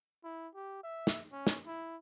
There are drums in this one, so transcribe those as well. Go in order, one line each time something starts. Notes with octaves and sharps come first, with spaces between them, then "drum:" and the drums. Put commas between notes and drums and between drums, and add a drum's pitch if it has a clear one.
E4
G4
E5
drum: snare
C#4
drum: snare
E4